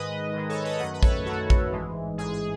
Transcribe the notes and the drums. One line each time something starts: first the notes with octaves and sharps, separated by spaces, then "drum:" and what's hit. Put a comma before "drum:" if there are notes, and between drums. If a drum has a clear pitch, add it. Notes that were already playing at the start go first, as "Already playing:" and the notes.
Already playing: G#2 D#3 G#3 B4 D#5
G#2 D#3 G#3
A4 C#5
B4 D#5
F#2 D#3 A3 D#5 F#5
B4
A4 C#5, drum: kick A#1
F#2 D#3 A3 F#4
drum: kick A#1
A1 G#2 E3 G#3
A1 G#2 E3 G#3 G#4
G#4